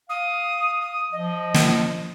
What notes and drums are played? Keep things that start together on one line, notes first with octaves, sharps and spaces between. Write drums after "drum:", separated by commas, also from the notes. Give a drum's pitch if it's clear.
F5 D#6
D#6
F3 D#5
drum: snare